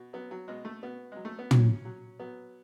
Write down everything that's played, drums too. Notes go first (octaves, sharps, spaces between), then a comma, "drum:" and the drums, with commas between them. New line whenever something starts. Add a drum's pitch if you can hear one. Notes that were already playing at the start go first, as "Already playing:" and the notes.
Already playing: B2
F#3 B3
F#3
B2 G#3
A3
B2 B3
F#3 G#3
A3
B3
F#3 C#4, drum: tom
F#3
F#3 B3